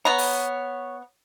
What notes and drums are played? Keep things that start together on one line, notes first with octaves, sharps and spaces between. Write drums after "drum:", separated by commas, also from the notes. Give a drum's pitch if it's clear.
B3 C#5 A#5
drum: open hi-hat